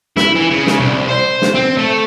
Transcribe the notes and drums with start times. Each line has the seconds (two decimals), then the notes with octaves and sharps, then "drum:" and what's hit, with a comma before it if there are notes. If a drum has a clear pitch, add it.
0.17 E4, drum: snare
0.35 E3
0.50 C#3
0.67 drum: snare
0.80 C2
1.08 C5
1.42 drum: snare
1.55 C4
1.77 A3